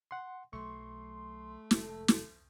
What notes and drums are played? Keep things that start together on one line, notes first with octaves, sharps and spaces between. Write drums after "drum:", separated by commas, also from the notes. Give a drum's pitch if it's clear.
F#5 C6
B1 F#3 A3 C6 C#6
F1 G#3 A4, drum: snare
drum: snare